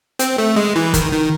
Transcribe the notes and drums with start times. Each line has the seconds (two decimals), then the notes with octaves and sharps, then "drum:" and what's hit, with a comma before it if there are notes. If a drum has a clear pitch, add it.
0.19 C4, drum: hi-hat
0.38 A3
0.56 G#3
0.76 E3
0.94 D#3, drum: kick F#1, hi-hat
1.12 D#3